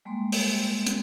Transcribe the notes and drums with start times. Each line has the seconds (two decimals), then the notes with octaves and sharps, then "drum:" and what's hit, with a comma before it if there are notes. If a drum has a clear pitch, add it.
0.05 G3 G#3 A#3 C6
0.32 drum: open hi-hat
0.87 drum: hi-hat